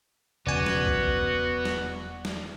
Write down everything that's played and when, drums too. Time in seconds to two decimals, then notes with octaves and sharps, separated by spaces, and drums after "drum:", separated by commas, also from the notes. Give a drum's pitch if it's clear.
0.47 E1 F2 C#3 B3 F#4 D5 G#5
0.66 drum: snare
0.86 drum: kick B1
1.65 drum: snare
2.25 drum: snare